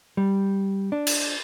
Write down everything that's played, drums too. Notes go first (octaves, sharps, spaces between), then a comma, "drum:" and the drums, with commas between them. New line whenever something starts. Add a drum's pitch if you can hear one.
G3
D4
drum: cymbal